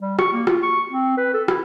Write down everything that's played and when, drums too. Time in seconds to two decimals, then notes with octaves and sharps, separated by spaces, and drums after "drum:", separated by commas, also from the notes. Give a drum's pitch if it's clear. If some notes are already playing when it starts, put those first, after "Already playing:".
0.01 G3
0.19 C#6, drum: rim click
0.33 A#3
0.47 F4, drum: rim click
0.63 C#6
0.89 C4
1.17 B4
1.34 A4
1.48 E4, drum: rim click